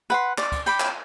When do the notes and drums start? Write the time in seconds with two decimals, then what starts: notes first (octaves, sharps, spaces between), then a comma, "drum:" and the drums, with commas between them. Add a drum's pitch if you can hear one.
0.10 B4 F#5 C6
0.38 D5, drum: clap
0.52 drum: kick, cymbal
0.66 G5 B5 D6, drum: cymbal
0.80 drum: clap